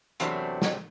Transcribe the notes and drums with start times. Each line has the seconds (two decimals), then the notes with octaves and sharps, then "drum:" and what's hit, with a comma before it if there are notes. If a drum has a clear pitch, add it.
0.20 E2 C3 F#3 A3 C4 D4, drum: hi-hat
0.62 drum: snare